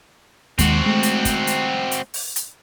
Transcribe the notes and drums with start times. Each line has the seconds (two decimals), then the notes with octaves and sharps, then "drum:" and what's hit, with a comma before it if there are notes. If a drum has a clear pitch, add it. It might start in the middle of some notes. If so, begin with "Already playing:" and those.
0.59 D#2 D#3 G#3 C4 F#4, drum: kick, hi-hat
0.86 G#3 A3
1.03 drum: hi-hat
1.25 drum: kick, hi-hat
1.47 drum: hi-hat
1.91 drum: hi-hat
2.14 drum: open hi-hat
2.36 drum: hi-hat